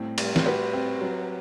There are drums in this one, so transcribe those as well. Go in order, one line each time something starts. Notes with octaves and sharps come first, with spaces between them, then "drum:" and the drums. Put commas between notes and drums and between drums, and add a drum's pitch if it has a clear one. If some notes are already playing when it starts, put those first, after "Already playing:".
Already playing: A2 G3 C4
G3, drum: cymbal
drum: snare
F#4 G4 B4
C4
F#3